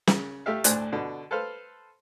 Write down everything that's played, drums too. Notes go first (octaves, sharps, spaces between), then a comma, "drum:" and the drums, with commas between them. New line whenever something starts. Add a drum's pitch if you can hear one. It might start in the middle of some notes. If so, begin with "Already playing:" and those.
C#3, drum: snare
A3 G4 E5 F5
D2 A2 D4 C5 G#5 F#6, drum: hi-hat
B2 D3
A4 B4 C5 F5